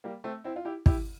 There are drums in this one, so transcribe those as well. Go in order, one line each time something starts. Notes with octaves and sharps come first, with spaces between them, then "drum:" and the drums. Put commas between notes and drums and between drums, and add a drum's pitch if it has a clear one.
G3 A#3
A3 C4
C4 E4
F4
E4 G4
E4 G4, drum: kick